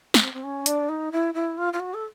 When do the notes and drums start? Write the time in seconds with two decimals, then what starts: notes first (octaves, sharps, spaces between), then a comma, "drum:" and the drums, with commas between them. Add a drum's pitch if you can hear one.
0.14 B3, drum: snare
0.21 C4
0.33 C4
0.43 C#4
0.66 D4, drum: hi-hat
0.88 D#4
1.12 E4
1.34 E4
1.57 F4
1.73 F4
1.79 F#4
1.93 A4